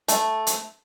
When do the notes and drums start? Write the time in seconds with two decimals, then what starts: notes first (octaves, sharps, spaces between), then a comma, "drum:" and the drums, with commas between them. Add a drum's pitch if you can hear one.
0.08 A3, drum: hi-hat
0.47 drum: hi-hat